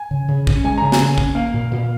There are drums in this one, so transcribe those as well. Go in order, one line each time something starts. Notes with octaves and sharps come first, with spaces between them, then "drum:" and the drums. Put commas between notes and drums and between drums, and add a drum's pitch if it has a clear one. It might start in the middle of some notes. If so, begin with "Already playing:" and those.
Already playing: G#5
C#3
C#3
C#4, drum: kick
G#3 G#5
C#3 A#5
G#5, drum: snare
C#3
C#4, drum: kick
A#3 F5
A#2
A#2